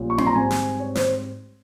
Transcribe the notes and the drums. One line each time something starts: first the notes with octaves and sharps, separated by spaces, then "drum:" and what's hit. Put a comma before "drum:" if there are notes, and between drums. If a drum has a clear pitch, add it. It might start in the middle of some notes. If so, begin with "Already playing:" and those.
Already playing: A#1 A#2 G3 C#4
C#6
C6, drum: tom C4
A#5
G#2 G3 C4 G#5
drum: snare
C#5
C5, drum: snare